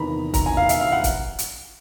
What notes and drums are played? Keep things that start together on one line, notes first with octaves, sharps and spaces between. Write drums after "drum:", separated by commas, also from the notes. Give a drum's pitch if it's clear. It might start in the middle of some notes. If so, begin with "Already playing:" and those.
Already playing: E2 C3 D#3 A#5 B5
A#5, drum: kick, hi-hat
G#5
F5
E5, drum: hi-hat
F5
F#5
drum: kick, hi-hat
drum: hi-hat